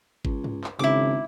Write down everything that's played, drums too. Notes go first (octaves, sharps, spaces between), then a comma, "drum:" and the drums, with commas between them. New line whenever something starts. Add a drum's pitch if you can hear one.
C#2, drum: kick G#1
drum: tom
drum: clap
G#1 C#3 E4 D6